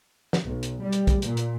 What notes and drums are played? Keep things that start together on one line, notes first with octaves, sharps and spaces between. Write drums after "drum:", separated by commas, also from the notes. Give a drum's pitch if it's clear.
drum: snare
B1
drum: hi-hat
G3
drum: hi-hat
drum: kick, hi-hat
A#2, drum: hi-hat
drum: hi-hat